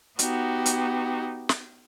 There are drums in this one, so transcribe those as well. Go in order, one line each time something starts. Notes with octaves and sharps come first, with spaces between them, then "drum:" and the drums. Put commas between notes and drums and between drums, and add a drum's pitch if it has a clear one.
B3 D#4 F#4 G4, drum: hi-hat
drum: hi-hat
drum: snare